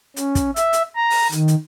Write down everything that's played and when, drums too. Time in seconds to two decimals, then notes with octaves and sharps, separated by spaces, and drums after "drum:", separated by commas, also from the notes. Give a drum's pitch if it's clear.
0.16 C#4, drum: hi-hat
0.35 drum: kick, hi-hat
0.56 E5, drum: hi-hat
0.73 drum: hi-hat
0.95 A#5
1.10 drum: open hi-hat
1.32 D#3, drum: hi-hat
1.48 drum: hi-hat